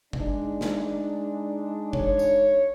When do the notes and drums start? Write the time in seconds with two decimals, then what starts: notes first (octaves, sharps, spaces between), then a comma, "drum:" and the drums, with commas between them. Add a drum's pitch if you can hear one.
0.13 G#3 D4 D#4, drum: kick G1
0.61 drum: snare
1.93 C#5, drum: kick G1
2.19 drum: tambourine